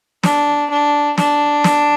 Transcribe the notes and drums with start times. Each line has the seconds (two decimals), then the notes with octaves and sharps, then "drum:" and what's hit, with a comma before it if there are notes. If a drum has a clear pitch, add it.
0.23 D4, drum: snare
0.70 D4
1.18 D4, drum: snare
1.64 drum: snare